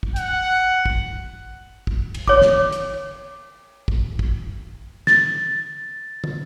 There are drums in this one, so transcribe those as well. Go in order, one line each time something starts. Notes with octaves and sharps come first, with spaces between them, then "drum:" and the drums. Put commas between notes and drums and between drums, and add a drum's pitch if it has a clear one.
drum: kick
F#5, drum: hi-hat
drum: kick
drum: kick
drum: cymbal
C#5 D6, drum: kick
drum: snare
drum: hi-hat
drum: kick
drum: kick
A6, drum: snare
drum: tom